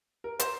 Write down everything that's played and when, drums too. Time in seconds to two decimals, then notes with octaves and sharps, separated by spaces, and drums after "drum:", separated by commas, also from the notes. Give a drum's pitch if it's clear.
0.24 A#4
0.39 C5, drum: hi-hat